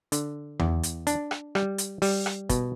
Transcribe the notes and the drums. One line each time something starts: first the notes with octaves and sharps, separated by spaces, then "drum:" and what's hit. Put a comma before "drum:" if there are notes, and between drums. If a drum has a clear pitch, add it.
D3, drum: hi-hat
E2, drum: tom E2
drum: hi-hat
D4, drum: hi-hat
drum: rim click
G3, drum: rim click
drum: hi-hat
G3, drum: open hi-hat
drum: rim click
B2, drum: kick, hi-hat